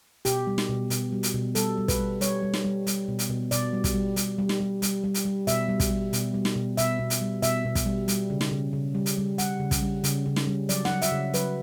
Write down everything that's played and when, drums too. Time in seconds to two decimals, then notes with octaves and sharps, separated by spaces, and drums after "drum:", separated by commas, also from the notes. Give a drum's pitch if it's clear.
0.25 B2 G4, drum: hi-hat
0.47 G3
0.58 drum: snare
0.69 B2
0.90 B2, drum: hi-hat
1.12 G3
1.23 drum: hi-hat
1.34 B2
1.55 G3 A4, drum: hi-hat
1.77 G3
1.88 B4, drum: kick, hi-hat
1.99 G3
2.21 G3 C#5, drum: hi-hat
2.43 G3
2.54 drum: snare
2.64 G3
2.87 G3, drum: hi-hat
3.08 B2
3.19 drum: hi-hat
3.29 B2
3.51 B2 D5, drum: hi-hat
3.73 G3
3.84 drum: kick, hi-hat
3.95 G3
4.16 G3, drum: hi-hat
4.38 G3
4.49 drum: snare
4.60 G3
4.82 G3, drum: hi-hat
5.04 G3
5.14 drum: hi-hat
5.25 G3
5.47 B2 E5, drum: hi-hat
5.69 G3
5.80 drum: kick, hi-hat
5.90 G3
6.13 B2, drum: hi-hat
6.34 G3
6.45 drum: snare
6.56 B2
6.77 B2 E5, drum: hi-hat
6.99 B2
7.10 drum: hi-hat
7.22 G3
7.42 B2 E5, drum: hi-hat
7.65 B2
7.75 drum: kick, hi-hat
7.86 G3
8.08 G3, drum: hi-hat
8.30 C#3
8.41 drum: snare
8.51 C#3
8.73 C#3
8.95 G3
9.06 drum: hi-hat
9.17 G3
9.38 G3 F#5, drum: hi-hat
9.60 C#3
9.71 drum: kick, hi-hat
9.82 G3
10.04 C#3, drum: hi-hat
10.26 C#3
10.36 drum: snare
10.47 G3
10.69 F#3 D5, drum: hi-hat
10.85 F#5, drum: snare
10.91 F#3
11.02 E5, drum: hi-hat
11.12 C#3
11.34 F#3 B4, drum: hi-hat